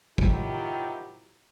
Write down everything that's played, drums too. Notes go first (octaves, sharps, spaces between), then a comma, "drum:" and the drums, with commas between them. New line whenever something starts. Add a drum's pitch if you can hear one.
C3 D#3 F#3 E4 F4 G4, drum: kick